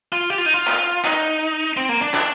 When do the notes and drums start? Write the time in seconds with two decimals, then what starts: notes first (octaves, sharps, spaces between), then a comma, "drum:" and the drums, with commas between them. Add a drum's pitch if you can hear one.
0.12 F4
0.30 G4
0.38 F4
0.46 D#4
0.54 F4
0.67 drum: clap
1.05 D#4, drum: clap
1.77 C4
1.89 A#3
2.02 D4
2.14 D4, drum: clap